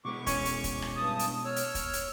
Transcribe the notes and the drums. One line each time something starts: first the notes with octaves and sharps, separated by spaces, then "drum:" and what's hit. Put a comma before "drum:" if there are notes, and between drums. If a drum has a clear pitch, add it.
B2 G#3 B4 C#6 D6
C#4, drum: kick, hi-hat
drum: hi-hat
drum: kick, hi-hat
drum: rim click
G2 A5 D#6
drum: hi-hat
C#5 E6 F6
drum: hi-hat
drum: kick, hi-hat
drum: hi-hat